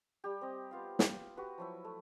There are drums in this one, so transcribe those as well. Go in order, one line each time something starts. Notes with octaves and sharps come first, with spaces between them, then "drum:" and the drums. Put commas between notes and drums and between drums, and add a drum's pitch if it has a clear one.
G3 G4
C4 D#5
B3 F4 F5
drum: snare
F#4 G4 B4
F3 F#3 E4
A3